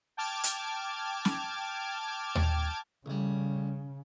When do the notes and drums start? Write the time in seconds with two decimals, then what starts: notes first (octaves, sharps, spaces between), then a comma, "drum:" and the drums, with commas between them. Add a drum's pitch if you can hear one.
0.17 G5 A5 D6 F6 G#6
0.44 drum: hi-hat
1.25 drum: snare
2.35 drum: tom D#2
3.06 A1 C#3 G3